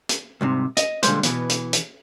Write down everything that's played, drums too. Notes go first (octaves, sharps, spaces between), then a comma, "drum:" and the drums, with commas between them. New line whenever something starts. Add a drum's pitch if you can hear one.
drum: hi-hat
C2 G#2 C3
D#5, drum: hi-hat
A#2 D3 G3 G#3 C5, drum: hi-hat
B2 E3 B3, drum: hi-hat
drum: hi-hat
drum: hi-hat